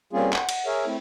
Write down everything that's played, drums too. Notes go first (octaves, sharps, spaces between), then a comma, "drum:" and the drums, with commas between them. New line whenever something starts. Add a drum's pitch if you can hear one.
G3 A#3 C4 C#4 F4 G#4
F#5, drum: clap
drum: cymbal
G#4 A#4 C#5 E5
A3 C4 E4